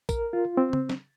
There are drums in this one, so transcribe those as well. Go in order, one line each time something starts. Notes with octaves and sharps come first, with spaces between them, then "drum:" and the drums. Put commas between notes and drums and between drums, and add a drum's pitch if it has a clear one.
A#4, drum: kick, tambourine
F4
C4
drum: tom C#3
drum: snare